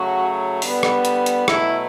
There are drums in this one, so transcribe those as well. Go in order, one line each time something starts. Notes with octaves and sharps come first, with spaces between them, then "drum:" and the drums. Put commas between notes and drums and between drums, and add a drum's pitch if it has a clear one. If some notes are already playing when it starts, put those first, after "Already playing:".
Already playing: C#3 F#3 A3 F#4
D3 G3 B3, drum: open hi-hat
drum: rim click
drum: hi-hat
drum: hi-hat
B2 F#3 A3 E4, drum: rim click